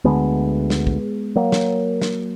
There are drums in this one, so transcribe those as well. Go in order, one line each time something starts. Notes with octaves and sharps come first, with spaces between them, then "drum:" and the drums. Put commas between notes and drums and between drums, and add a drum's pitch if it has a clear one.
D2 D3 G#3 B3
drum: snare
drum: kick
F#3 A#3
drum: snare
drum: snare